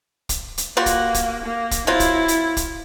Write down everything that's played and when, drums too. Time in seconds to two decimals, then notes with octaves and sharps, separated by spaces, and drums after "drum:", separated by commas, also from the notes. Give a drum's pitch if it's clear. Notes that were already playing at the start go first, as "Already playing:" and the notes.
0.29 drum: kick, hi-hat
0.58 drum: hi-hat
0.77 G3 A#3 F4 F#4
0.86 drum: kick, hi-hat
1.14 drum: kick, hi-hat
1.43 A#3
1.71 drum: kick, hi-hat
1.87 F#3 C4 E4 F4
2.00 drum: kick, hi-hat
2.28 drum: hi-hat
2.57 drum: kick, hi-hat